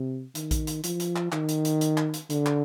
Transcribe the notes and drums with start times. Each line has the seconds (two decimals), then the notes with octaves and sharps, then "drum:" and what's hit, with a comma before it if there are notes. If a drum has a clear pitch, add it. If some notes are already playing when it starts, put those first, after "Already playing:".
Already playing: C3
0.35 D#3, drum: hi-hat
0.51 drum: kick A#1, hi-hat
0.67 drum: hi-hat
0.84 F3, drum: hi-hat
1.00 drum: hi-hat
1.16 drum: clap
1.32 D#3, drum: clap
1.49 drum: hi-hat
1.65 drum: hi-hat
1.81 drum: hi-hat
1.97 drum: clap
2.14 drum: hi-hat
2.30 D3, drum: hi-hat
2.46 drum: clap